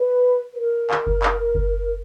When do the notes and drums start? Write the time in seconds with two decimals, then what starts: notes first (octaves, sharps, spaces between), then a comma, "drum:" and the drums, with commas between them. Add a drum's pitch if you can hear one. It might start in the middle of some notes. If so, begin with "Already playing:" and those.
Already playing: B4
0.53 B4
0.58 A#4
0.90 drum: clap
1.06 drum: kick F#1
1.23 drum: clap
1.55 drum: kick F#1